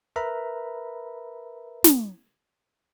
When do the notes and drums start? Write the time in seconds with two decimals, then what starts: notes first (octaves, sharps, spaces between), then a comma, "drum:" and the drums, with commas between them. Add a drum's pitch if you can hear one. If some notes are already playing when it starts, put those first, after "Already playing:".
0.16 A#4 B4 E5 A#5 B5
1.84 drum: snare